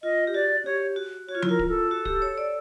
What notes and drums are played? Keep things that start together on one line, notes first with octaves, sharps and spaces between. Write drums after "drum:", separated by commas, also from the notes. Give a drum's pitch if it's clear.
F4 D#5
G4
F#4 D5
G4 C#5
F#4
F#4 C#5
F4
E4, drum: tom F3
F4 A#4
drum: kick D1
A4
F#4
G4, drum: kick D1
C#5
D5